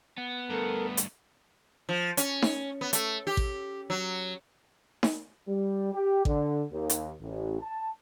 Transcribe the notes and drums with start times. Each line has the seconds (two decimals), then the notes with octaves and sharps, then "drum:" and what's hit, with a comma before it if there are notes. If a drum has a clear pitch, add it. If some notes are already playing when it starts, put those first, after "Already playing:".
0.18 B3
0.50 D2 G2 A4 A#4
0.97 drum: hi-hat
1.89 F3
2.17 C#4, drum: hi-hat
2.42 drum: snare D#4
2.81 B3
2.93 A3, drum: hi-hat
3.27 G4
3.37 drum: kick A1
3.90 F#3
5.03 drum: snare D#4
5.48 G3
5.93 G4
6.25 D3, drum: kick A1
6.71 D#2
6.90 drum: hi-hat
7.20 A1
7.60 A5